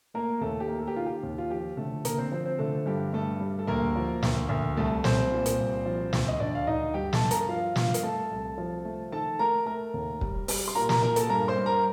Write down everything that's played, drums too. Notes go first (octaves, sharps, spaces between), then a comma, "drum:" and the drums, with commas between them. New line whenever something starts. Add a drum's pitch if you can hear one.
A3 A#3 A#4
D#2 A3 A4
G4
A#3
A4
G4
D#3 F4
G4
D#2
F4
F3 G4
D3 A3 A4
D3 A#3 A#4, drum: hi-hat
C4 C5
F3 C4 C5
C4 C5
D3 A3 A4
G2 G4
G2 A3 A4
G3
A4
D2 A#3 A#4
F3
D2, drum: snare
D2
C2 A3 A4
C2 C4 C5, drum: snare
A#2
drum: hi-hat
C2
F3
D2, drum: snare
D#5
D2 D4 D5
F5
D2 D#4 D#5
G2 G4 G5
A4 A5, drum: snare
G2
A#4 A#5, drum: hi-hat
F3 F4 F5
G2 F4 F5, drum: snare
drum: hi-hat
A3 A4 A5
C2
F3
A3
D#3 A4 A5
A3 A#4 A#5
A3 A#4 A#5
D#2
G3, drum: kick
G3, drum: open hi-hat
C6
A#2 A#4 A#5
A#4 A#5, drum: snare
A#2 A#4 A#5
A4 A5, drum: hi-hat
G2 A#4 A#5
C5 C6
G2
A#4 A#5